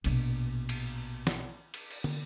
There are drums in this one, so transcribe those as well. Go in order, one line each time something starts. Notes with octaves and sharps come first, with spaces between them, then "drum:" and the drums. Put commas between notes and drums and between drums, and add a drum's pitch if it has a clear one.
A#1 B2, drum: cymbal
drum: cymbal
drum: snare
drum: cymbal
drum: cymbal
drum: tom